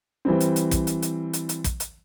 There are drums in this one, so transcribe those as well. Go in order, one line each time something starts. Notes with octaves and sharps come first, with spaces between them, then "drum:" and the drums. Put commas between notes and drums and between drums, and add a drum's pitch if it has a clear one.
E3 G3 C4
drum: hi-hat
drum: hi-hat
drum: kick, hi-hat
drum: hi-hat
drum: hi-hat
drum: hi-hat
drum: hi-hat
drum: kick, hi-hat
drum: hi-hat